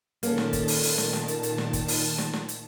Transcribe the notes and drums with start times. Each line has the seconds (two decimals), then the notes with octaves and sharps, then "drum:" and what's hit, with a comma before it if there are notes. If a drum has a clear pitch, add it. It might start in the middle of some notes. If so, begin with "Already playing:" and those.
0.23 A#2 D#3 A#3 C#4 A4 A5, drum: hi-hat
0.38 drum: snare
0.53 drum: kick, hi-hat
0.68 drum: open hi-hat
0.83 drum: open hi-hat
0.98 drum: snare
1.13 drum: snare
1.28 drum: hi-hat
1.43 drum: hi-hat
1.58 drum: snare
1.73 drum: kick, hi-hat
1.88 drum: open hi-hat
2.18 drum: snare
2.33 drum: snare
2.48 drum: hi-hat